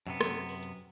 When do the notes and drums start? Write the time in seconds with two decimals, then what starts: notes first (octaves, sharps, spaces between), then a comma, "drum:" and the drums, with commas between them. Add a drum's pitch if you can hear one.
0.07 F#2 C3 B3
0.21 drum: rim click
0.49 drum: open hi-hat
0.63 drum: hi-hat